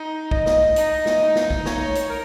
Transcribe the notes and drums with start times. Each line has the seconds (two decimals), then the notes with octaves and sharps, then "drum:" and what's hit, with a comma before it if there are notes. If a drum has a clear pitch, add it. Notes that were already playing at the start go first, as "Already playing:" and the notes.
Already playing: D#4
0.31 D#5, drum: kick
0.46 drum: snare
0.76 D#4, drum: hi-hat
1.06 drum: snare
1.21 D#4
1.36 drum: snare
1.51 drum: kick
1.66 C#5, drum: snare
1.95 drum: hi-hat
2.10 A#4